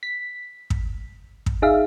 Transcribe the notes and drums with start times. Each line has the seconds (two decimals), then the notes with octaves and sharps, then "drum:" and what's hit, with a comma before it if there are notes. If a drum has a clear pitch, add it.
0.03 B6
0.70 drum: kick
1.46 drum: kick
1.62 D#4 G#4 E5 F5